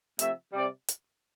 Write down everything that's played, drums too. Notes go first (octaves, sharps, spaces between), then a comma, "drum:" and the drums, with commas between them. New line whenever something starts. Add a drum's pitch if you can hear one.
C3 F3 A3 E5, drum: hi-hat
C3 G3 D5
drum: hi-hat